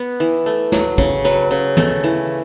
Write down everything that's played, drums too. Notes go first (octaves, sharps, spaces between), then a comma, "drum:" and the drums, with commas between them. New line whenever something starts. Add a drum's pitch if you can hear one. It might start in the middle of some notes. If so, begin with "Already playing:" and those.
Already playing: B3
E3
A3
F#3, drum: snare
C#3, drum: kick
F#3 B4
C#3
A3, drum: tom
E3